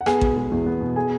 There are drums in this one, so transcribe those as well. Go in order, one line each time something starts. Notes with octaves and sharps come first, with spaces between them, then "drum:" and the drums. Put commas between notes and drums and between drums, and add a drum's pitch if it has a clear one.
F#5
B3 G#4 G#5, drum: rim click
B2, drum: kick A1
G#3
E2
B3
B2
G#4 G#5